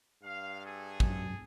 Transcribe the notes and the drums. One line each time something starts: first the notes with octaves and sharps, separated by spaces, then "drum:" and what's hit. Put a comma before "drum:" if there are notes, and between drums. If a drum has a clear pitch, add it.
G2 F5
G#4 A4
F#2, drum: kick